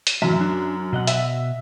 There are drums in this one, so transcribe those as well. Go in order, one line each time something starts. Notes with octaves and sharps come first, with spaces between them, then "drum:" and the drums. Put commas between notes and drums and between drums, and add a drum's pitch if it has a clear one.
drum: hi-hat
F#2 A2 E3 E5
D4
B2 D#5 F#5
E5, drum: hi-hat